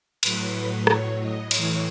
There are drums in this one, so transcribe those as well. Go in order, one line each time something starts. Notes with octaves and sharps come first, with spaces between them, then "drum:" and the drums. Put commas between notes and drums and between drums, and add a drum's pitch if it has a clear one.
A2 F#3 B4, drum: cymbal
C#5, drum: rim click
D#5
A2 E3 C#5, drum: cymbal